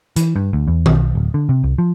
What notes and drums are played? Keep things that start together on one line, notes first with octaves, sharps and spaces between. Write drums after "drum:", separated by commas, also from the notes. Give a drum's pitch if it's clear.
E3, drum: hi-hat
G2
D2
E2
B1, drum: tom D#3
D1
D3
C3
C2
F3